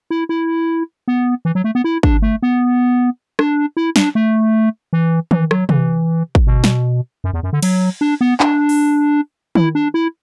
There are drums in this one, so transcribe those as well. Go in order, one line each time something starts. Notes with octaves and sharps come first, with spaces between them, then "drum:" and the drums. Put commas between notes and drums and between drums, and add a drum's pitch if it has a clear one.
E4
E4
B3
E3
F#3
A3
B3
E4
D4, drum: kick
A3
B3
D4, drum: rim click
E4
D4, drum: snare
A3
E3
E3, drum: tom D#3
F#3, drum: rim click
E3, drum: tom C3
drum: kick
B2
drum: snare
F#2
E2
F#2
D3
F#3, drum: cymbal
D4
B3
D4, drum: clap
drum: open hi-hat
E4, drum: tom D#3
D4
E4